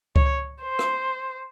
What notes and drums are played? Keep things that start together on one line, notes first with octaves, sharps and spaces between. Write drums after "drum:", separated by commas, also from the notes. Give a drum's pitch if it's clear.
C#5, drum: kick C#2
C5
drum: rim click